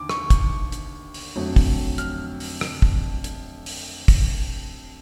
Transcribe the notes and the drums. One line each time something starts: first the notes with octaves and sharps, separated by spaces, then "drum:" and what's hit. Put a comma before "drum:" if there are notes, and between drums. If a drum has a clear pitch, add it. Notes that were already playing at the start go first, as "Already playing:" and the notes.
Already playing: D#2 D3 D6
C#6, drum: rim click
drum: kick, hi-hat
drum: hi-hat
drum: open hi-hat
F2 D3 F#3 A3
drum: kick, open hi-hat
F6, drum: hi-hat
drum: open hi-hat
drum: rim click
drum: kick
drum: hi-hat
drum: open hi-hat
drum: kick, open hi-hat